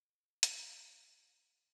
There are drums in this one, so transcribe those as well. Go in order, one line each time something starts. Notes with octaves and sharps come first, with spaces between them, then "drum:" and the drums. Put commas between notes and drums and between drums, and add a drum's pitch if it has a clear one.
F#3 D#4 F4 A4, drum: hi-hat